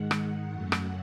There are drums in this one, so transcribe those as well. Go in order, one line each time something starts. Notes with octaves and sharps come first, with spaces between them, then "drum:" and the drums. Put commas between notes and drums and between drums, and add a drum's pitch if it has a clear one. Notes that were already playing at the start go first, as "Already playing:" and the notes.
Already playing: G#2 D#3 G#3 F#5
drum: rim click
F#2 C#3 F#3 A3
drum: rim click